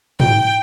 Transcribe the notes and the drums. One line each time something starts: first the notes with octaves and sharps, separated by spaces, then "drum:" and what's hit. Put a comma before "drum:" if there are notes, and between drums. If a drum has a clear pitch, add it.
G5, drum: tom G#2